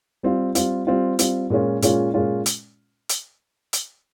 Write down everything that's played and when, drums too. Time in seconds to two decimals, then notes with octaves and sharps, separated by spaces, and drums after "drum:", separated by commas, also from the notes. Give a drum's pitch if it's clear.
0.23 G3 C4 F4
0.55 G3 C4 F4, drum: hi-hat
0.87 G3 C4 F4
1.19 G3 C4 F4, drum: hi-hat
1.50 A#2 G#3 C#4 F4
1.82 A#2 G#3 C#4 F4, drum: hi-hat
2.14 A#2 G#3 C#4 F4
2.46 drum: hi-hat
3.09 drum: hi-hat
3.73 drum: hi-hat